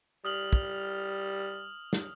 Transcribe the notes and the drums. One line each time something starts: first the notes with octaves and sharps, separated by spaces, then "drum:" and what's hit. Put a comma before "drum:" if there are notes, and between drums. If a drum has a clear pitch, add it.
G3 D#6 F6 F#7
drum: kick
drum: snare